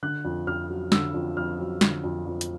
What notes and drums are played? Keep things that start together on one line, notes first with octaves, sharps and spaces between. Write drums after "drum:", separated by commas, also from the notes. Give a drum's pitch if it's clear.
D3 F#6
F2
F2 F6
F#3
D3 E6, drum: snare
F2
F2 F6
F#3
D3, drum: snare
F2
F2
drum: hi-hat